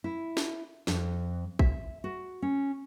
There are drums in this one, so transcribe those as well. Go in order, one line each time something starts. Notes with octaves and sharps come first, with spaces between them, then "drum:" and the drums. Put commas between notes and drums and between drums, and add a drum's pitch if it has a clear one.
E4
drum: snare
F2, drum: snare
E5, drum: kick
F#4
C#4